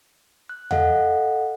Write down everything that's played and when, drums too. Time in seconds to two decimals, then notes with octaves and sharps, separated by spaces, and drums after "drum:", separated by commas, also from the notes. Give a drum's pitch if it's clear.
0.49 F#6
0.71 A4 D#5 F5 F#5, drum: tom E2